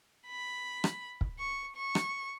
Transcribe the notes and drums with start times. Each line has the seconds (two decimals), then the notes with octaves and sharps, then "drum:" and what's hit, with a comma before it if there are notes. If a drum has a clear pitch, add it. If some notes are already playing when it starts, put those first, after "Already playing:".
0.27 B5
0.84 drum: rim click
1.21 drum: kick
1.40 C#6
1.76 C#6
1.95 drum: rim click